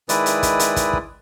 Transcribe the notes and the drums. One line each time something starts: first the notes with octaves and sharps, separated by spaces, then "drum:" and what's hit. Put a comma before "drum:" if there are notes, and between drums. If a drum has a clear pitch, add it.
D#3 G#3 E4 B4 D5 D#6, drum: hi-hat
drum: hi-hat
drum: kick, hi-hat
drum: hi-hat
drum: kick, hi-hat
drum: kick